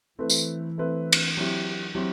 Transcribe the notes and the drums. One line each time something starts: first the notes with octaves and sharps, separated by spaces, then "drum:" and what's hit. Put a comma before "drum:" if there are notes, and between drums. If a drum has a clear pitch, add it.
E3 A3 C4 E4 B4
drum: tambourine
A3 C4 E4 B4
drum: cymbal
F#3 C4 E4 G4
F#3 C4 E4 G4